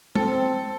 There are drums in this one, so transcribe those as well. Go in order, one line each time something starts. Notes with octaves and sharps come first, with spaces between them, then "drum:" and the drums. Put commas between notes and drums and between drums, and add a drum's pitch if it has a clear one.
C4 A4, drum: tom